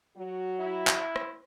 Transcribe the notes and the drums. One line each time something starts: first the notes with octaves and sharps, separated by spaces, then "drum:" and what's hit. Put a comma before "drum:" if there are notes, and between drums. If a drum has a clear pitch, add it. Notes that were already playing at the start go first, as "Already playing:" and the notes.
F#3 F#4
E4
drum: clap
drum: rim click